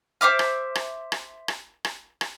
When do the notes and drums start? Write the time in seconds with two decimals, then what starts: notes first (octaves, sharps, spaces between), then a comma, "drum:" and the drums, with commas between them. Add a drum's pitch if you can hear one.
0.21 C5 E5 D6 F6
0.39 drum: rim click
0.75 drum: rim click
1.12 drum: rim click
1.48 drum: rim click
1.85 drum: rim click
2.21 drum: rim click